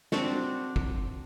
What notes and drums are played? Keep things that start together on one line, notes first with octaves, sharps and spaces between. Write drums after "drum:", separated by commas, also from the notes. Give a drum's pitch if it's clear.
C4 D4 F#4, drum: snare
drum: kick